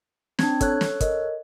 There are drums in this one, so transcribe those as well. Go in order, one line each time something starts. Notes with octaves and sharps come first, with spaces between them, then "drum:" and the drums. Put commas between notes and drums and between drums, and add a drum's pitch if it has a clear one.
C4 D4 G#6, drum: snare
A4 C#5 F#6, drum: kick, hi-hat
drum: snare
A#4 D#5, drum: kick, hi-hat